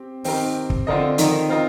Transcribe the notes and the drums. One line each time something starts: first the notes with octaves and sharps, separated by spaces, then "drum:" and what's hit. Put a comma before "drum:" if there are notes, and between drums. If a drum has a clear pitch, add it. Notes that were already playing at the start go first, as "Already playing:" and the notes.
Already playing: C4 G4
D#3 C4 G4 A#4, drum: open hi-hat
drum: kick
D3 C4 F4 A#4 D#5
D#3, drum: hi-hat
C4 F4 A#4 D#5